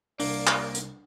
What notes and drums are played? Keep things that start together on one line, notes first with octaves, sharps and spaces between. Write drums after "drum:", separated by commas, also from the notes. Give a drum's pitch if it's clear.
C2 A#3 D4 D5, drum: open hi-hat
drum: clap
drum: hi-hat